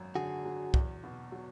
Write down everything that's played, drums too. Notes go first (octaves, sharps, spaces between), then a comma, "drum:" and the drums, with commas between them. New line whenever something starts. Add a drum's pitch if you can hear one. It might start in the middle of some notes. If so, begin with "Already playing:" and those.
Already playing: G#1 F#2
D3 F#4 G#4
F#3
E2, drum: kick
B2
F#3